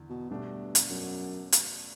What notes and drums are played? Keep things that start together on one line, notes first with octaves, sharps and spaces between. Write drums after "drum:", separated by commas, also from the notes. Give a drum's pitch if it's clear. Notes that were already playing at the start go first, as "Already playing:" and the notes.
Already playing: E2 D3
B2
G2 B2 A3 D4
drum: hi-hat
F#2
drum: hi-hat